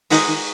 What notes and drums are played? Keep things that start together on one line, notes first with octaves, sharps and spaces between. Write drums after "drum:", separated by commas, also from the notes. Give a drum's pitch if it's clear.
D#3 G#3 D#4 F#4, drum: open hi-hat
D#3